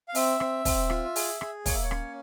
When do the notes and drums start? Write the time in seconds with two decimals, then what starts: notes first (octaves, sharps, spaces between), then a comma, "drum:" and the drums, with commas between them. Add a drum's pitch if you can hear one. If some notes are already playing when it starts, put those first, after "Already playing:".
0.08 F5
0.15 C4 E5, drum: open hi-hat
0.40 C4, drum: rim click
0.65 C4, drum: kick, open hi-hat
0.90 F4, drum: rim click
1.16 G#4, drum: open hi-hat
1.41 G#4, drum: rim click
1.66 A#3 C#5, drum: kick, open hi-hat
1.74 E5
1.83 C#5
1.91 C#4, drum: rim click